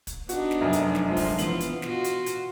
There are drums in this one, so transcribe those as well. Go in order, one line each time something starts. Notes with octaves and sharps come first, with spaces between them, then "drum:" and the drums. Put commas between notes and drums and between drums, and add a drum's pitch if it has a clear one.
drum: kick, hi-hat
B3 D4 D#4 F#4, drum: hi-hat
drum: snare
F1 F#2
drum: hi-hat
drum: snare
F3 G#3 F4
drum: kick, open hi-hat
E3 B3 F4 F#7, drum: hi-hat
drum: hi-hat
B2 F4 F#4, drum: snare
drum: hi-hat
drum: hi-hat